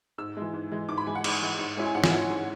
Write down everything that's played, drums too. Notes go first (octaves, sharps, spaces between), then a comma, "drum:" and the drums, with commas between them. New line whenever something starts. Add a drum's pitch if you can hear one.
G#2 E6
E3 G#3
G#2
E3 G#3
G#2 D6
B5
E3 G#3 G#5
F#5
G#2, drum: cymbal
E3 G#3
G#2
G#3 C#4 E4
G#5
G#2 F#5
G#5, drum: snare
G#3 C#4 E4 F#5
G#2